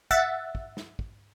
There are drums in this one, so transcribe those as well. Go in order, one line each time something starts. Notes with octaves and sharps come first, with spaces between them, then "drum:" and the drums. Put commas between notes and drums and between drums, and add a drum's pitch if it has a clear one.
E5 F#5 A6, drum: kick
drum: kick
drum: snare
drum: kick